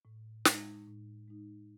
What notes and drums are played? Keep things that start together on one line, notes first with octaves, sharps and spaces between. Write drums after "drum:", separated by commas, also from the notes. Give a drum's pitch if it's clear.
A2
G#3 D#4, drum: snare
A2
G#3 D#4